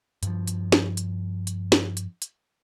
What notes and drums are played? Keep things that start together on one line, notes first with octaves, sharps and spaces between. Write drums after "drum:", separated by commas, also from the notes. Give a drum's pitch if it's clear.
G2 F3, drum: hi-hat
drum: hi-hat
drum: snare
drum: hi-hat
drum: hi-hat
drum: snare
drum: hi-hat
drum: hi-hat